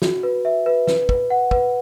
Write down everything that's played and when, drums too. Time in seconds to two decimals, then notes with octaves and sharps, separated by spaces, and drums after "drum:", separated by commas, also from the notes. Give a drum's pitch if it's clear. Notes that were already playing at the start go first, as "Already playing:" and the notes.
0.02 F#4, drum: snare
0.23 B4
0.45 E5
0.66 B4
0.87 B4, drum: snare
1.09 B4, drum: kick
1.30 F#5
1.51 B4, drum: kick